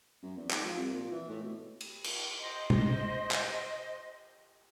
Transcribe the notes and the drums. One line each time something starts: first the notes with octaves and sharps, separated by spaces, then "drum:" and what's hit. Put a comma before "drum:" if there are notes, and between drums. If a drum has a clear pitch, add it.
F#2
E2
G#2, drum: clap
F3
C2
A#2
E3
A2
B2
drum: cymbal
drum: cymbal
C5 D#5
drum: tom
drum: clap